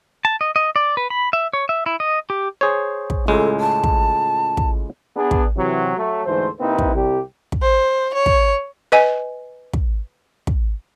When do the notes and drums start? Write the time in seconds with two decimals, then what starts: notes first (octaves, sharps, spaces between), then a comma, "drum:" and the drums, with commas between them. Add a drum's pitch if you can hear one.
0.25 A5
0.41 D#5
0.56 D#5
0.76 D5
0.97 B4
1.10 B5
1.33 E5
1.53 C#5
1.69 E5
1.86 E4
2.00 D#5
2.30 G4
2.61 G#4 C5 C#5
3.10 drum: kick
3.28 C#2 A2 G#3 A4
3.60 A5
3.84 drum: kick
4.57 drum: kick
5.16 B3 D4 G#4
5.31 drum: kick
5.57 C3 E3 F#3
5.96 F#3 A3
6.26 D2 G#2 E3 A3 C5
6.60 C3 A#3 C4 D#4 E4 B4
6.78 drum: kick
6.94 C2 G4
7.52 drum: kick
7.62 C5
8.14 C#5
8.26 drum: kick
8.92 B4 D#5 G#5
9.73 drum: kick
10.47 drum: kick